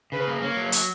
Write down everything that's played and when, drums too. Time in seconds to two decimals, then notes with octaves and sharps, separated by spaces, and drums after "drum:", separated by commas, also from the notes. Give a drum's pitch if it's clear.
0.12 C#3 B4
0.27 A#3
0.42 A#3 C#5
0.57 F#3
0.72 drum: hi-hat